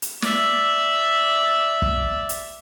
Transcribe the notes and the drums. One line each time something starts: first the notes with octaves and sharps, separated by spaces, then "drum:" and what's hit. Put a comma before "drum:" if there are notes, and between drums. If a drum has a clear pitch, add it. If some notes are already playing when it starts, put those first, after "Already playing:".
drum: hi-hat
D5 E5, drum: snare
drum: kick
drum: hi-hat